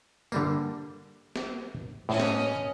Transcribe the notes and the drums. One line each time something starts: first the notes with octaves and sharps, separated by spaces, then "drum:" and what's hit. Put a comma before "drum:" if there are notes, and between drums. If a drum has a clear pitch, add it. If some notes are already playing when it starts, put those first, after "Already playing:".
D3 G3 A#3, drum: tambourine
drum: snare
A2 C#4 D#5
drum: snare